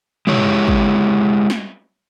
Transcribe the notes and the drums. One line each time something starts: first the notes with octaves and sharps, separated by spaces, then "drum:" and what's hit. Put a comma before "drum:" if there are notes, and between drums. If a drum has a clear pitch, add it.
G#3 E4 G4 C#5, drum: tom
drum: kick
drum: snare